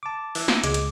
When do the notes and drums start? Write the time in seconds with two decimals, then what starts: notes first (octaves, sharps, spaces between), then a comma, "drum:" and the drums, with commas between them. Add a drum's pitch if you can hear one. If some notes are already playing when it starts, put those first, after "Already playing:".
0.03 A5 D6
0.35 E3, drum: open hi-hat
0.48 drum: snare
0.64 C#2 G#3 D6, drum: hi-hat
0.74 drum: hi-hat